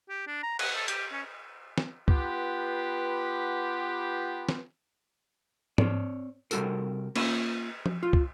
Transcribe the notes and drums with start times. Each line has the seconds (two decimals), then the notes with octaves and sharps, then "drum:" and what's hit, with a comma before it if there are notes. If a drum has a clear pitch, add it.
0.09 G4
0.27 D4
0.43 A#5
0.59 F#5, drum: cymbal
0.77 A4
0.88 G4, drum: hi-hat
1.12 C#4
1.78 drum: snare
2.08 B3 F4 G4 B4, drum: kick
4.49 drum: snare
5.78 C4 C#5 D5, drum: tom G#2
6.51 C3 G3 B3 F#4 A4 A#4, drum: tambourine
7.16 A#3 C#4 F4 E5 B5, drum: cymbal
7.86 drum: tom F3
8.03 F4
8.13 drum: kick